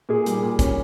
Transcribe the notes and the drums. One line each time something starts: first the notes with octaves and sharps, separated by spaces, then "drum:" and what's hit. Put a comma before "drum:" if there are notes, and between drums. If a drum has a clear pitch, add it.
A#2 G#4
G3, drum: hi-hat
A#2
C#4, drum: kick, hi-hat